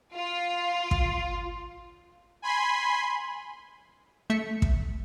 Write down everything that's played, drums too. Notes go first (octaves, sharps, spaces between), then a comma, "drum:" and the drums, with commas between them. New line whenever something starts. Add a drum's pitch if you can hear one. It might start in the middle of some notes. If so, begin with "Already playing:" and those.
F4
drum: kick
G#5 B5 C6
A3 E5 C#7
drum: kick